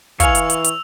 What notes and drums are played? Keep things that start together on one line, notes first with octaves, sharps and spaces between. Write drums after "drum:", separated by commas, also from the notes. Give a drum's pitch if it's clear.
E3 C#5 F5 G#5 E6 F7, drum: kick, hi-hat
drum: hi-hat
drum: hi-hat
drum: hi-hat